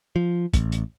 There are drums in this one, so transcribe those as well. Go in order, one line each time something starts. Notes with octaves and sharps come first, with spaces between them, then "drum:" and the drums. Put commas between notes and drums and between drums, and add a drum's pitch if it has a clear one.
F3
A1, drum: kick, hi-hat
drum: hi-hat